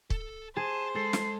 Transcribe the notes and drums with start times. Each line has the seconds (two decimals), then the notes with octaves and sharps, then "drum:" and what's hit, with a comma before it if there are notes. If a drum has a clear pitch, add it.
0.10 A4, drum: kick
0.57 G#4 C5 A5 D#7
0.95 G#3 A4 C7
1.13 drum: snare